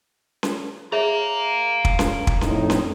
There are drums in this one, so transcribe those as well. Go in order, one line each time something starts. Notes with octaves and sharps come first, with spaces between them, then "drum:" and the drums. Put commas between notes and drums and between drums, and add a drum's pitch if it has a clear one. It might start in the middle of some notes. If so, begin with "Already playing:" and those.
drum: snare C#4
G#4 C#5 E5 F5 A#5
drum: kick
drum: snare C#4
drum: kick
F2 A2 D#4, drum: snare C#4
drum: snare C#4